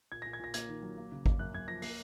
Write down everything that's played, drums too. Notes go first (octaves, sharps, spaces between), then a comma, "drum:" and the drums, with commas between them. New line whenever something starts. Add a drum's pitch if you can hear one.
A#2 G#6
A#2 A#6
G#6
A#2 A#6
A#3 G#6, drum: hi-hat
D#3
F#3
A#3
C#3
A#3, drum: kick G#1
F#2 F#6
F#2 G#6
F3 A#6
A#3 C7, drum: open hi-hat